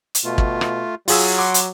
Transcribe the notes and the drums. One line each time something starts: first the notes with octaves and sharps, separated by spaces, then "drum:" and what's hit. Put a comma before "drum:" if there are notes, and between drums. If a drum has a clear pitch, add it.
drum: hi-hat
B2 A3 F4
drum: kick
drum: rim click
F#3 F4 G#4 E6, drum: open hi-hat
F#5 C6 D6
drum: hi-hat